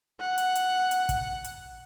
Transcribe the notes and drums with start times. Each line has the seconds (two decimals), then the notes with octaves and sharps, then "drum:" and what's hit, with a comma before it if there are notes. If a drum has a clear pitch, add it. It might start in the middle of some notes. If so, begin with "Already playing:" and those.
0.20 F#5
0.38 drum: hi-hat
0.55 drum: hi-hat
0.91 drum: hi-hat
1.09 drum: kick, hi-hat
1.44 drum: hi-hat